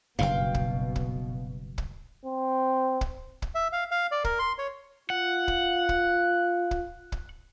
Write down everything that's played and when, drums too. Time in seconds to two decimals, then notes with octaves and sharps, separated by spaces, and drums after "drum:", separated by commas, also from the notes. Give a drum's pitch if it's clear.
0.19 F#1 G2 B2 F5 G5
0.54 drum: kick
0.96 drum: kick
1.78 drum: kick
2.25 C4
3.01 drum: kick
3.42 drum: kick
3.55 E5
3.73 F5
3.91 F5
4.11 D5
4.24 A#4, drum: kick
4.39 C6
4.58 C#5
5.10 F4 F#5
5.48 drum: kick
5.89 drum: kick
6.71 drum: kick
7.12 drum: kick